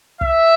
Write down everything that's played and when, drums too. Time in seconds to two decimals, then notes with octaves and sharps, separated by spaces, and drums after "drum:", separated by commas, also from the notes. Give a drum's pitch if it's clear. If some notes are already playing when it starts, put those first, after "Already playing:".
0.21 E5, drum: kick